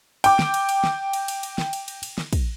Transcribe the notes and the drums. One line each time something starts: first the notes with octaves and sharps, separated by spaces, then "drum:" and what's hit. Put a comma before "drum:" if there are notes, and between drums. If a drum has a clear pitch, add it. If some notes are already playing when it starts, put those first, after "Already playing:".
G5 D6, drum: cymbal
drum: snare
drum: cymbal
drum: cymbal
drum: snare
drum: cymbal
drum: cymbal
drum: cymbal
drum: snare
drum: cymbal
drum: cymbal
drum: cymbal
drum: snare
drum: kick, cymbal